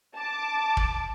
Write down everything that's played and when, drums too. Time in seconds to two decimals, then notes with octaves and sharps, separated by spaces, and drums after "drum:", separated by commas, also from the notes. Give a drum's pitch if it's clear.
0.15 A5 D6
0.77 drum: kick